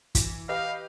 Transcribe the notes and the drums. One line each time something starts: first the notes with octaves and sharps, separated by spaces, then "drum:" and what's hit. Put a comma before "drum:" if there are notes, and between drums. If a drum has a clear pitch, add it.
E3, drum: kick, hi-hat
G4 B4 D#5 F5